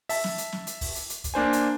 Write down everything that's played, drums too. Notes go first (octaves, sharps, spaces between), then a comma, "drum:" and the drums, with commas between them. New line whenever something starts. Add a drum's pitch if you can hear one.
E5 A5, drum: open hi-hat
drum: snare
drum: hi-hat
drum: snare
drum: hi-hat
drum: kick, open hi-hat
drum: hi-hat
drum: hi-hat
drum: kick, hi-hat
A#3 D4 C5 G#5
drum: hi-hat